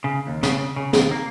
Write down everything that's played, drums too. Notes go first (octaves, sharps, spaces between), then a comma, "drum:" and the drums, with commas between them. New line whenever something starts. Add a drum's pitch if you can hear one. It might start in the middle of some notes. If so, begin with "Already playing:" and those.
C#3
D#2
C#3, drum: snare
C#3
D#2, drum: snare
A#3